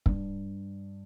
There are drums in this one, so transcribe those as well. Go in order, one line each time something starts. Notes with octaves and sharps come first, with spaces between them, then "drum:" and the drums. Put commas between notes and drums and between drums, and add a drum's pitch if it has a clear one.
G2, drum: kick